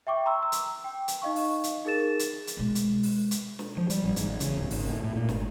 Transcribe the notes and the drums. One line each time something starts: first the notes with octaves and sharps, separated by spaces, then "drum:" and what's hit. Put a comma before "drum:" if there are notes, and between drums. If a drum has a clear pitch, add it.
E5 G5 C#6 D6
A#5 C6 D6 E6
E6
drum: hi-hat
G5
drum: hi-hat
D#4 D#5 F5 C#6
drum: open hi-hat
drum: hi-hat
D#4 G#4 A#4 A6 E7
drum: hi-hat
drum: hi-hat
B2 G#3
drum: hi-hat
drum: open hi-hat
drum: hi-hat
drum: snare
F3
G3, drum: hi-hat
A1
G#2, drum: hi-hat
A1
C#3, drum: hi-hat
D1
G#1, drum: open hi-hat
A2
A2
A#2
G#1, drum: snare